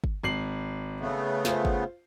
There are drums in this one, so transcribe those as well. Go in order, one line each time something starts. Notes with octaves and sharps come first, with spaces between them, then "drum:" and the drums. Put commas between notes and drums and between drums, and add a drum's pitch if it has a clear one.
drum: kick G1
G#1 C7 F#7
C#3 A3 B3
F4 C5, drum: snare
drum: kick G1